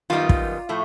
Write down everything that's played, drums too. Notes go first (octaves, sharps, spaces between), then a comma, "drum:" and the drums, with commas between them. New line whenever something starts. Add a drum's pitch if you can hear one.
F#2 D#3 G3 B3 D#4 F4
drum: kick
A2 F3 A3